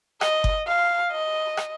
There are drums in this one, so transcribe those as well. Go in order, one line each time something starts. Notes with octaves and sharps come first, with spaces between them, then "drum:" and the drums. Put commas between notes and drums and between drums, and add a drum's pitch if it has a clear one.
D#5, drum: rim click
drum: kick F#1
F5
D#5
drum: rim click